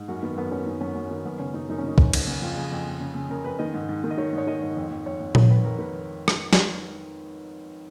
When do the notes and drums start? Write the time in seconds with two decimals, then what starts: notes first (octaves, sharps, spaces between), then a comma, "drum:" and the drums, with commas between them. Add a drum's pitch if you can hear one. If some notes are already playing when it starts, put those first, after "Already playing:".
Already playing: G#2
0.08 F#2 F#4
0.23 D#3 B3
0.36 F#2 B3
0.51 D#3 C#4
0.66 F#2 D#4
0.81 F#2 C#4
0.95 F#2
1.11 D#3
1.25 F#2 B3
1.39 C#3 C#4
1.54 F#2 D#4
1.69 F#2 D#4
1.78 C#4
1.83 C#3 D#4
1.98 F#2, drum: kick
2.13 C#3, drum: cymbal
2.27 C#3
2.42 F2 F4
2.56 C#3 G#4
2.72 F2
2.86 F2
3.00 C#3
3.15 C#3
3.30 C#3 A#4
3.44 F2 B4
3.59 D#3 D#5
3.74 G#2
3.89 G#2
4.04 D#3
4.10 D#5
4.18 D#3 C#5
4.33 G#2 C#5
4.47 D#3 D#5
4.62 G#2 C#5
4.77 F2
4.91 F2
5.06 F2 C#5
5.20 F2
5.35 D#3 C#5, drum: tom A#2
5.49 F2 B4
5.64 F2 A#4
5.79 D#3 B4
6.28 drum: rim click
6.53 drum: snare